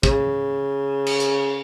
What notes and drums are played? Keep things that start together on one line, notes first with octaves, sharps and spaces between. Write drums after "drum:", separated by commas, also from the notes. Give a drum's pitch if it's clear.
C#3, drum: kick
drum: cymbal
drum: hi-hat